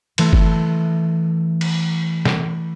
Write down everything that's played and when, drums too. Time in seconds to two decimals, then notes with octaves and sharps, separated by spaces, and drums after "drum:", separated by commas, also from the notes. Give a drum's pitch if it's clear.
0.18 E3 A3, drum: cymbal
0.33 drum: kick F#1
1.61 drum: cymbal
2.25 drum: snare